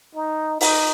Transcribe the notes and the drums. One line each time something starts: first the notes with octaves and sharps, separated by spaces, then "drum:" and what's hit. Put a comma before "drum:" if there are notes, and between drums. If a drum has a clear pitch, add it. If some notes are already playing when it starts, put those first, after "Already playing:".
D#4
D#4, drum: open hi-hat